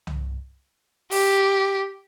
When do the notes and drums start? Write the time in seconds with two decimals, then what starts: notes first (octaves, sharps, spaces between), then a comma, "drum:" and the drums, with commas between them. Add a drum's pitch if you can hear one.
0.07 drum: tom C2
1.11 G4, drum: open hi-hat